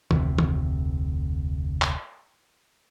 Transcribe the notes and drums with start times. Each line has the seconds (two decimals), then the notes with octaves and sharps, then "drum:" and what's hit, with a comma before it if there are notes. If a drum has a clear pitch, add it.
0.11 F1 D2 C3, drum: tom D#3
0.38 drum: tom D#3
1.82 drum: clap